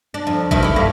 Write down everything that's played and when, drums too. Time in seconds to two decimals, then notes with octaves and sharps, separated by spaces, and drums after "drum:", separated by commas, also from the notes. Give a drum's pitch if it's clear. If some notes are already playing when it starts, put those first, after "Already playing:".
0.14 D4
0.27 F2
0.51 B2 D#3 E4, drum: kick
0.63 E4 G4
0.76 G2 A3 A#3